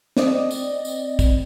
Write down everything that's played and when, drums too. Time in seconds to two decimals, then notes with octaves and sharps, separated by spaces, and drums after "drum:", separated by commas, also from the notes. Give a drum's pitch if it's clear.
0.17 C4 D5 D#5, drum: snare
0.51 drum: tambourine
0.85 drum: tambourine
1.19 drum: kick, tambourine